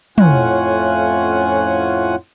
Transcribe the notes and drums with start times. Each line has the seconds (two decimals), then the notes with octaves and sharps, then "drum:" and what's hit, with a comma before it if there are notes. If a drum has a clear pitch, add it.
0.18 F2 A2 C#4 F4 F#5 G#5, drum: tom